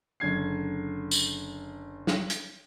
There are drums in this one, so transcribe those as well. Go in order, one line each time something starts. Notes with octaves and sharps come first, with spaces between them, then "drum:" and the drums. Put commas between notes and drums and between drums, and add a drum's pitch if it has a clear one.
F#1 D3 G#6 C7
drum: tambourine
drum: snare
drum: hi-hat